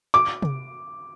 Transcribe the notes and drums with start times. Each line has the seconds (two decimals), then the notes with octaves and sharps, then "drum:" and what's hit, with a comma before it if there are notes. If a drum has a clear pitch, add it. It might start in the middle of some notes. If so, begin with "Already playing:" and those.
0.14 D6
0.42 drum: tom C3